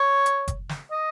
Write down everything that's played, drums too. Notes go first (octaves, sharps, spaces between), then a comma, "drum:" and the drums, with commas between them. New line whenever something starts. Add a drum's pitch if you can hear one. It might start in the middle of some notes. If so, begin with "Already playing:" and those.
Already playing: C#5
drum: hi-hat
drum: kick F#1, hi-hat
drum: snare
D#5